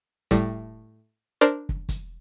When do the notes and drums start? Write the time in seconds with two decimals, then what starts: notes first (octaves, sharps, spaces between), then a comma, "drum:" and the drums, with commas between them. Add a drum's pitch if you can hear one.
0.31 A2 G3, drum: kick, hi-hat
1.41 D4 A#4 C5 D5
1.69 drum: kick
1.89 drum: kick, hi-hat